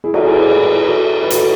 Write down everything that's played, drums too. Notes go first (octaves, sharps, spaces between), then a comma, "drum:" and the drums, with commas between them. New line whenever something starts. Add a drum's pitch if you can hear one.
E4 G#4
F#4 A4, drum: cymbal
E4 G#4
G#4 B4
G#4 B4
B4
F#4 A4
B4
F#4 A4, drum: hi-hat